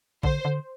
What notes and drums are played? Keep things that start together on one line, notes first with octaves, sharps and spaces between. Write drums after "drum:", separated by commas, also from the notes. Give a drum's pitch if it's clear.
D3 C5, drum: kick A#1
D3